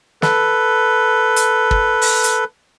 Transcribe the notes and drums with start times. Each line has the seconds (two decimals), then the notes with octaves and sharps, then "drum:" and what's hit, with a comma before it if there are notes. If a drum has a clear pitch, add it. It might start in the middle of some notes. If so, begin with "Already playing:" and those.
0.22 A4 B4, drum: snare
1.36 drum: hi-hat
1.71 drum: kick
2.02 drum: open hi-hat
2.24 drum: hi-hat